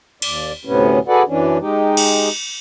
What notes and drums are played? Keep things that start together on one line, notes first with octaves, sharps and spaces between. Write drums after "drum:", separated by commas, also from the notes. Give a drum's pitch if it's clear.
D#2 D5, drum: cymbal
D2 A2 C3 B3 C#4
F#4 G#4 A4 B4 D5 F#5
F#2 E3 C#4 D4
G#3 D#4 G4
drum: cymbal